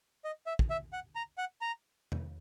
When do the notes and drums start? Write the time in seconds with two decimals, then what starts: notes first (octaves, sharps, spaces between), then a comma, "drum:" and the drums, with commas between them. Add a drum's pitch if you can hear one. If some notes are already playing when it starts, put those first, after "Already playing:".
0.24 D#5
0.47 E5
0.59 drum: kick
0.70 E5
0.93 F#5
1.15 A#5
1.38 F#5
1.61 A#5
2.12 drum: tom E2